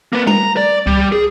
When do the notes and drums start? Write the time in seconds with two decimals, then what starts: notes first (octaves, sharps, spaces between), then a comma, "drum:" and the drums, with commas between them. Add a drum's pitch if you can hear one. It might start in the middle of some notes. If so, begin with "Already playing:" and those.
0.13 A#3 B4
0.27 A#5, drum: tom G3
0.57 D5
0.87 G3, drum: kick C#2
1.12 G#4